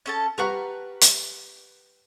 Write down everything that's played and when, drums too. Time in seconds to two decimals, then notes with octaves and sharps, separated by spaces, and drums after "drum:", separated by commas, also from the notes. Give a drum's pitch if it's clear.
0.06 C#4 A4 A5
0.38 G3 B4 F#5 A#5 C#6 F6
1.01 drum: hi-hat